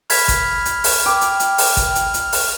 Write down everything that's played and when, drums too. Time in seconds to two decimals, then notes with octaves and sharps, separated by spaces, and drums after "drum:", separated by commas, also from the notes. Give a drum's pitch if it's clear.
0.10 B5 F6 G#6 B6, drum: open hi-hat
0.28 drum: kick G#1, hi-hat
0.65 drum: hi-hat
0.84 drum: open hi-hat
1.06 G5 D6
1.21 drum: hi-hat
1.40 drum: hi-hat
1.58 drum: open hi-hat
1.77 drum: kick G#1, hi-hat
1.95 drum: hi-hat
2.14 drum: hi-hat
2.32 drum: open hi-hat